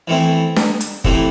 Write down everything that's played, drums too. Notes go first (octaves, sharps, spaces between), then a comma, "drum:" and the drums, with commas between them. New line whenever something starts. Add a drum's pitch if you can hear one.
E3 A3 C4 E4
drum: snare D4
drum: hi-hat
C3 E3 A3 C4 E4, drum: kick